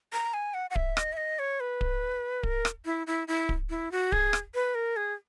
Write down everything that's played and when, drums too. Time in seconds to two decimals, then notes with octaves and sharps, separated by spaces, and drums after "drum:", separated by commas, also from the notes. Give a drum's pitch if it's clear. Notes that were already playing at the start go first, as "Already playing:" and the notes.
0.13 A#5
0.34 G#5
0.54 F#5
0.70 F#5
0.76 E5, drum: kick D1
0.97 D#5, drum: rim click
1.13 E5
1.17 D#5
1.39 C#5
1.60 B4
1.81 drum: kick D1
2.43 A#4, drum: kick D1
2.65 drum: rim click
2.85 E4
3.07 E4
3.28 E4
3.49 drum: kick D1
3.70 E4
3.92 F#4
4.12 G#4, drum: kick D1
4.33 drum: rim click
4.55 B4
4.75 A#4
4.96 G#4